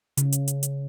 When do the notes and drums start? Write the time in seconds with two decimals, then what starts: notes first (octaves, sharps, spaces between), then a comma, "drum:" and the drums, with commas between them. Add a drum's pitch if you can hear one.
0.17 C#3, drum: hi-hat
0.32 drum: hi-hat
0.48 drum: hi-hat
0.63 drum: hi-hat